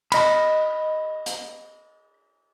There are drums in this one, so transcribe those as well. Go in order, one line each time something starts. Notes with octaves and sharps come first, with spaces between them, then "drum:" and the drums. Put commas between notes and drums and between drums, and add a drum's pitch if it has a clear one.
D#5 B5, drum: cymbal
drum: hi-hat